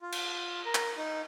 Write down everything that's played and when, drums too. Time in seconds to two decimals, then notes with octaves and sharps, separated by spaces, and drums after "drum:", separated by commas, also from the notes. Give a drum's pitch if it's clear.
0.01 F4
0.12 drum: cymbal
0.65 A#4
0.75 drum: clap
0.97 D#4